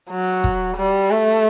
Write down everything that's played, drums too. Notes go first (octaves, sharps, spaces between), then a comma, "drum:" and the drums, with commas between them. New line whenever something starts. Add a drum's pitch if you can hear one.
F#3
drum: kick
G3
A3